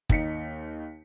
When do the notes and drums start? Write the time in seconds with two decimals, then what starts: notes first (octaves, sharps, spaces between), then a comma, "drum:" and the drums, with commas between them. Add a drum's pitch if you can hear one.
0.10 D#2 D#4 B6 C#7, drum: kick